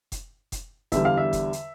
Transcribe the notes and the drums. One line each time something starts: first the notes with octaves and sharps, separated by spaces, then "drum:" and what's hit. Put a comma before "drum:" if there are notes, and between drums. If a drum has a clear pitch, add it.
drum: kick F1, hi-hat
drum: kick F1, hi-hat
E2 D3 G3 E5, drum: kick F1, hi-hat
F5
E5
drum: kick F1, hi-hat
drum: hi-hat